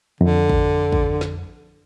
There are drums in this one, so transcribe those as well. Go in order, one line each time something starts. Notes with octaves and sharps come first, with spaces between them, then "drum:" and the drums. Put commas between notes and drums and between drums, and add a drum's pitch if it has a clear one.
F2 D3
drum: kick
drum: kick
drum: snare